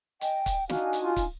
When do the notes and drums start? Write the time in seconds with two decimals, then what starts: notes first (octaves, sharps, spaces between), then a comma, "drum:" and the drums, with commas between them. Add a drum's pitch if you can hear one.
0.21 D#5 G5 G#5, drum: hi-hat
0.46 drum: kick, hi-hat
0.69 D4 D#4 F#4 F5 G#5, drum: snare
0.93 drum: hi-hat
1.02 F4
1.16 drum: kick, hi-hat